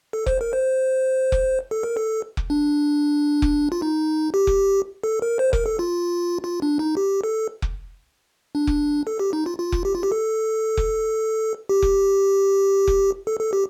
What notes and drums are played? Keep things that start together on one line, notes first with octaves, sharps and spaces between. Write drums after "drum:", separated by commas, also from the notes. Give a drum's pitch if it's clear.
A4
C5, drum: kick F1
A#4
C5
drum: kick F1
A4
A#4
A4
drum: kick F1
D4
drum: kick F1
F4
D#4
G4
drum: kick F1
A4
A#4
C5
A#4, drum: kick F1
A4
F4
F4
D4
D#4
G4
A4
drum: kick F1
D4
drum: kick F1
A4
G4
D#4
F4
F4
drum: kick F1
G4
F4
G4
A4
drum: kick F1
G4
drum: kick F1
drum: kick F1
A4
A4
G4